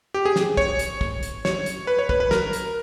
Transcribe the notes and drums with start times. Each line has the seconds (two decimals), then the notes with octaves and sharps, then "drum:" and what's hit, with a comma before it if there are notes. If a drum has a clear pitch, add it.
0.14 G4
0.25 G#4
0.36 drum: snare
0.57 C#5, drum: kick
0.79 drum: hi-hat
1.01 drum: kick
1.23 drum: hi-hat
1.45 C#5, drum: snare
1.66 drum: hi-hat
1.87 B4
1.99 C#5
2.09 B4, drum: kick
2.20 B4
2.31 A#4, drum: snare
2.53 drum: hi-hat